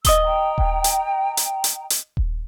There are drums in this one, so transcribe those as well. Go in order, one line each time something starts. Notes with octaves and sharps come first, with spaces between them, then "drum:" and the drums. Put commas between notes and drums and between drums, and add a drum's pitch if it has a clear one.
D#5 D#6 E6 G7, drum: kick D#1, hi-hat
G5 A#5
drum: kick D#1
drum: hi-hat
drum: hi-hat
drum: hi-hat
drum: hi-hat
drum: kick D#1